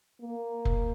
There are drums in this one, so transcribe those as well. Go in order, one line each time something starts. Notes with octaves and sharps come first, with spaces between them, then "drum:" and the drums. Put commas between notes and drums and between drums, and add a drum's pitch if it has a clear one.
A#3
drum: kick F1